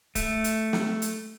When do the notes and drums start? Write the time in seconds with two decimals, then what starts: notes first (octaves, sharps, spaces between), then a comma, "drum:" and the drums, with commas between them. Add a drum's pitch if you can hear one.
0.15 A3, drum: kick C#1, hi-hat
0.44 drum: hi-hat
0.73 drum: snare
1.02 drum: hi-hat